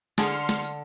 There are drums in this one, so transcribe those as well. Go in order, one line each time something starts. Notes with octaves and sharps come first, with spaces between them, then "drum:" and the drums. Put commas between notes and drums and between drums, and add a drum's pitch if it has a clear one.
D3 G#4 C6 F6 C#7, drum: snare
drum: tambourine
drum: snare
drum: tambourine